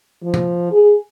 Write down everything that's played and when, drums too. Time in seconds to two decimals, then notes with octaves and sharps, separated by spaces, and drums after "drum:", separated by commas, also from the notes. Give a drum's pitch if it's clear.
0.23 F3
0.34 drum: tom C3
0.71 G#4